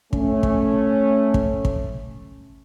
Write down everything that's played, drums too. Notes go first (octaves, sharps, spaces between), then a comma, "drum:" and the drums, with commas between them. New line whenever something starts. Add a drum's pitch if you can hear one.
A3 C#4, drum: kick
drum: kick
drum: kick
drum: kick